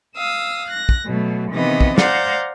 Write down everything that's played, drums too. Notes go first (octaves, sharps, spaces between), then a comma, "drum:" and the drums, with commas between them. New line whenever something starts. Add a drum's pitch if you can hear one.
F5 D#6 E6
F#6 A#6
drum: kick
B2 F#3 A3
C3 D#3 E3 B3 D#5
drum: kick
C5 D5 F5 F#5 A#5 G6, drum: snare